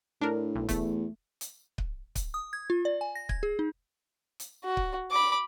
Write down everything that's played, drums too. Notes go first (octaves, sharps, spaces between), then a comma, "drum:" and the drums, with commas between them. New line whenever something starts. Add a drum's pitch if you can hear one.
A2 D4 A#4
B1
E2 A3, drum: kick C#1, hi-hat
drum: hi-hat
drum: kick C#1
drum: kick C#1, hi-hat
D#6
G#6
F4
D5
G#5
A#6
G#6, drum: kick C#1
G#4
D#4
drum: hi-hat
F#4
drum: kick C#1
B5 D6